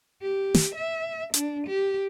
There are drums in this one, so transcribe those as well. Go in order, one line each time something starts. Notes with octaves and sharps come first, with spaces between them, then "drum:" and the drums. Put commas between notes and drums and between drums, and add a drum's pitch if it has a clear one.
G4
drum: snare
E5
D4, drum: hi-hat
G4